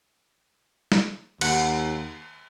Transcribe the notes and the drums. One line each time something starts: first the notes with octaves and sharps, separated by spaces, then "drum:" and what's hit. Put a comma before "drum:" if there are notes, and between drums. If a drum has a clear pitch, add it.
drum: snare
D#2 F#5, drum: cymbal